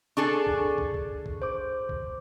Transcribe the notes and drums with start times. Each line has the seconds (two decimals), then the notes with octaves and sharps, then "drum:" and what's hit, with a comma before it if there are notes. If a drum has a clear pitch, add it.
0.17 D4 G#4 A4 C#6
0.46 drum: kick
0.78 drum: kick
0.94 drum: kick
1.26 drum: kick
1.42 C5 D6
1.89 drum: kick